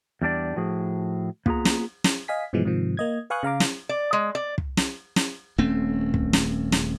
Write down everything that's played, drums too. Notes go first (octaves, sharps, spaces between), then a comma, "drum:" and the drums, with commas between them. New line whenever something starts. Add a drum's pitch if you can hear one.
E2 G3 D4 D5
A2 F3 F#4 G#4
A#3 B3 F4 G#4 A#5, drum: kick
drum: snare
drum: snare
D#5 F5 G#5 B6
G2 B2 E3 F3 G#3
G#2 C3 D#3 F3
A#3 D#5 G#6
B4 F5 G#5 C#6 D#6 F#6
C#3 F5 A#5 D6
drum: snare
D5
G#3
D5
drum: kick
drum: snare
drum: snare
D#1 A3 C4 C#4
drum: kick
drum: snare
drum: snare